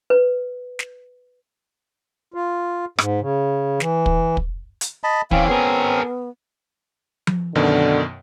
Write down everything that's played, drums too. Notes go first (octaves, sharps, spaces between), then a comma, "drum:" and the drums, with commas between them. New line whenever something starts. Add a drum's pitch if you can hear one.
B4
drum: snare
F4
G#2, drum: rim click
C#3
E3, drum: snare
drum: kick
drum: kick
drum: hi-hat
D#5 A5 B5
E3 C4 C#4 D5 F5, drum: kick
B3 G#4 A#4
drum: tom F3
F#2 B2 D3 D#3